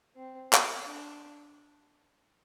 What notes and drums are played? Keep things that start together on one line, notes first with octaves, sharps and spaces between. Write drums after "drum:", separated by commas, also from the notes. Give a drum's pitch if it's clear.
C4
drum: clap
D4